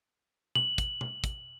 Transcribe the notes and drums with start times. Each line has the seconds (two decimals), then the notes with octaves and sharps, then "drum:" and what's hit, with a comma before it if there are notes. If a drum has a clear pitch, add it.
0.55 F#7, drum: tom B2
0.78 drum: kick, hi-hat
1.01 drum: tom B2
1.24 drum: kick, hi-hat